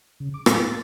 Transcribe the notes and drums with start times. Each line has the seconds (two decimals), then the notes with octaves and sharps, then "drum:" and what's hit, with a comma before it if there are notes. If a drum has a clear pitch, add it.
0.20 C#3
0.34 D6
0.46 A2, drum: rim click
0.58 A6